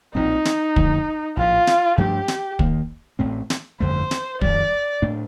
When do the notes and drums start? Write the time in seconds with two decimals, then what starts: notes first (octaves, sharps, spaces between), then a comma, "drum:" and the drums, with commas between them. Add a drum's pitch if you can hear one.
0.15 A#1 A2 F3 C4 D#4
0.45 drum: snare
0.76 F2 D3 F3 A3, drum: kick
1.37 A#1 A2 F3 F4
1.67 drum: snare
1.98 G2 F3 A3 D4 G4
2.28 drum: snare
2.59 D#2 D#3 A#3, drum: kick
3.19 A1 A2 A3 C4
3.50 drum: snare
3.80 G1 F2 D3 A3 C5
4.11 drum: snare
4.41 F2 D#3 G3 D5, drum: kick
5.02 A2 A3 D4